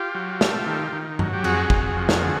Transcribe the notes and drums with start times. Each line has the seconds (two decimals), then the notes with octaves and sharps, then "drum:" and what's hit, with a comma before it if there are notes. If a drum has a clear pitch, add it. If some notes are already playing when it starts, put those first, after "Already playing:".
Already playing: F4 G4
0.15 F#3
0.41 A3, drum: snare
0.67 D#3
0.93 D#3
1.19 F#3, drum: tom G2
1.33 G4
1.44 F2 F#4 G#4, drum: cymbal
1.70 F2, drum: kick
1.97 F3
2.09 drum: snare
2.23 D3